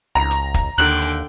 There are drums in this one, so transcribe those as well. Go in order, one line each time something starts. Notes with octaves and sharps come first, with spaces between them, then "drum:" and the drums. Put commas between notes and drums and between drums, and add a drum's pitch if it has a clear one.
C#2 A#5
drum: hi-hat
drum: kick, hi-hat
D#2 D3 G5 F#6 F#7, drum: hi-hat
drum: hi-hat